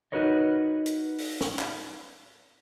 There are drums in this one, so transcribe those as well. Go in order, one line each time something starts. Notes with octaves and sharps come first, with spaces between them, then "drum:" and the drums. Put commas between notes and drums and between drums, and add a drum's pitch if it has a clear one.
D#4 F#4 A#4 B4 C#5 D#5
drum: hi-hat
drum: open hi-hat
drum: snare
drum: clap